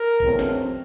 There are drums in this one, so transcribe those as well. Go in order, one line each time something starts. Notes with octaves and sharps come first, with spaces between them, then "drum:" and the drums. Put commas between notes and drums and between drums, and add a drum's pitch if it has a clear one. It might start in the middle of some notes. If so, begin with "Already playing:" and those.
Already playing: A#4
E2 B2 F#3 A3 C4, drum: kick G#1
drum: snare